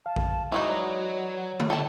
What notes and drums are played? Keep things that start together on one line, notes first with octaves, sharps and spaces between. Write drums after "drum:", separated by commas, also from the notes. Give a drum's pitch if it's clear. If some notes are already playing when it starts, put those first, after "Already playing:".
F5 A5
drum: kick A#1
E3 F#3 G#3 D#4 C#6
F#4 C#5 D5 A#5
drum: tom D3
D3 E4 A4 G5 A5